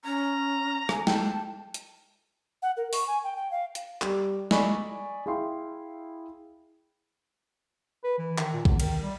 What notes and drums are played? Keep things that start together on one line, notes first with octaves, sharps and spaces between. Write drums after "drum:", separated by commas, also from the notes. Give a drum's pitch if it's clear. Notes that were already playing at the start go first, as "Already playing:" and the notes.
C#4 A#5
G#5, drum: rim click
G5 A5, drum: snare G#3
drum: hi-hat
F#5
A#4
C#6, drum: open hi-hat
G#5
G5
G5
F5
drum: hi-hat
G3, drum: clap
D5 D#5 G#5 B5 C#6, drum: snare G#3
E4 G#4 F5 G5 C6
B4
E3
D#3, drum: clap
A#2
E2, drum: kick
D#3, drum: cymbal
G3